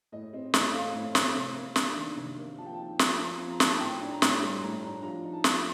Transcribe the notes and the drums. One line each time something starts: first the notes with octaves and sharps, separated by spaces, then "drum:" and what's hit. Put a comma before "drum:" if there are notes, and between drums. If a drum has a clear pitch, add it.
A2 D#5
C4 D#5
A2 D#5, drum: snare
A3 F5
A2
C4, drum: snare
C3
A#3
D4, drum: snare
D#3
C3
A#3
F3 A5
G5
D#4 A5
F3, drum: snare
C4 A#5
C6
F3
A#5
D#4, drum: snare
A5
A2 G5
D4
A#5
A2, drum: snare
G3 C6
A2 A#5
D4 A#5
F3 A#5
D#4
A5
F3, drum: snare